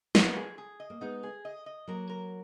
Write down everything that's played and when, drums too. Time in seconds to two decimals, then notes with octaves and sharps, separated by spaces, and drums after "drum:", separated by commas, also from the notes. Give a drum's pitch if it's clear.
0.15 G#3 A#3 B3, drum: snare
0.37 G#4
0.58 G#4
0.80 D#5
0.90 A#3
1.01 G#3 B3 D#4
1.23 G#4
1.45 D#5
1.66 D#5
1.88 F#3 A#3 A#4
2.10 A#4